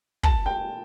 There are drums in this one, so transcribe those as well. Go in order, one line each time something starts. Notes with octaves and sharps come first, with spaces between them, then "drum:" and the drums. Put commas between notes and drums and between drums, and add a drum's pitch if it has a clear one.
A5, drum: kick
G5